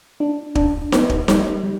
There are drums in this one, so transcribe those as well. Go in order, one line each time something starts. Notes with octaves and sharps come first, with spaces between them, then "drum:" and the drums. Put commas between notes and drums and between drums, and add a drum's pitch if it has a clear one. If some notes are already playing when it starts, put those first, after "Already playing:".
D4
D4, drum: kick
B3, drum: snare D#4
drum: kick
G3, drum: snare D#4
G3